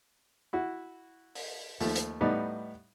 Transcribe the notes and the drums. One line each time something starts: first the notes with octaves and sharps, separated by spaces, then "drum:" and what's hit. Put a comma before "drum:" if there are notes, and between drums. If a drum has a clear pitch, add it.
E4 F#4
drum: open hi-hat
D#2 F3 A3, drum: open hi-hat
drum: hi-hat
A2 G3 B3 D#4 D5